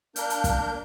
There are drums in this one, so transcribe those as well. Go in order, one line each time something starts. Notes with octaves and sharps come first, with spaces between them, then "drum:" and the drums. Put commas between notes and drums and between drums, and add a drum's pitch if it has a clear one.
A#3 D4 A#4 G6, drum: hi-hat
drum: hi-hat
drum: kick, hi-hat